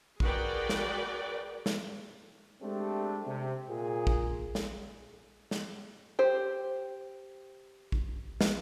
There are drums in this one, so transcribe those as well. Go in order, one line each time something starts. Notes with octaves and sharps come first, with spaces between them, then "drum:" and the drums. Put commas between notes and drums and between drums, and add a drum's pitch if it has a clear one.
F#4 G#4 A#4 B4 D5 G5, drum: kick A#1
drum: snare
drum: snare
G#3 A3 C4 D4 G4 A4
C3
A#2 G#4
drum: kick A#1
drum: snare
drum: snare
G4 C5
drum: kick A#1
drum: snare